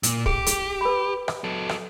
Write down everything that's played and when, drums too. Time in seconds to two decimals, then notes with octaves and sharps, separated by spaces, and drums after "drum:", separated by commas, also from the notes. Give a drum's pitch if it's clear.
0.03 A#2, drum: hi-hat
0.26 G4 G#4, drum: kick
0.46 G#4, drum: hi-hat
0.81 B4 B5
1.28 drum: rim click
1.44 F#3 A4
1.69 drum: rim click